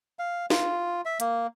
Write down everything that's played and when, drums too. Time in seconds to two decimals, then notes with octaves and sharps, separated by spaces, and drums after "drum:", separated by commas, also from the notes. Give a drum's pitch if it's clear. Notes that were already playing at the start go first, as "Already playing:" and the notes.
0.19 F5
0.50 F4, drum: snare
1.05 E5
1.20 A#3, drum: hi-hat